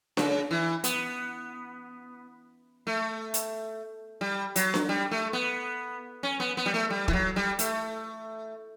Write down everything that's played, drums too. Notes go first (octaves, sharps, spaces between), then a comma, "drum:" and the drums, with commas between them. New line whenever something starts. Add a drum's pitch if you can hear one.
C#3, drum: snare D4
E3
B3, drum: hi-hat
A3
drum: hi-hat
G3
F#3, drum: hi-hat
drum: snare D4
G3
A3
B3
C#4
B3
B3
G3
A3
G3
E3, drum: kick
F#3
G3
A3, drum: hi-hat